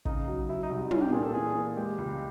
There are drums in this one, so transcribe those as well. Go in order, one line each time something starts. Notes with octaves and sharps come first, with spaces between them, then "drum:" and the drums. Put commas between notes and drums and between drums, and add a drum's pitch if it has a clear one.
C#3 D#4, drum: kick
F#3
F#3 E4
D#4
C2
G3 C#4, drum: tom
G4
A#2 G#4
A4
E3 G#4
E3
G#3 G4
C#2